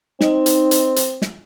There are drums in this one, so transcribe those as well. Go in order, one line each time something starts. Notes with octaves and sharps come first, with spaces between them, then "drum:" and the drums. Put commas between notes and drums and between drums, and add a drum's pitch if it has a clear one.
C4 D#4 D#5, drum: snare
drum: hi-hat
drum: hi-hat
drum: hi-hat
drum: snare